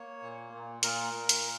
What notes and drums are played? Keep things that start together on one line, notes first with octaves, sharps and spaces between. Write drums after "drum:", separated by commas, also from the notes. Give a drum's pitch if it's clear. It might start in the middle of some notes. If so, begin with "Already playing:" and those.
Already playing: A#3 C#5
A#2
A#2
A#2 A#4, drum: hi-hat
A#2
drum: hi-hat